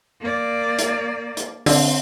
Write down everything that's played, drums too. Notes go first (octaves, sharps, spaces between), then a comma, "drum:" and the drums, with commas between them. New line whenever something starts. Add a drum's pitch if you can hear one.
A#3 D5
drum: hi-hat
drum: hi-hat
D3 C4, drum: open hi-hat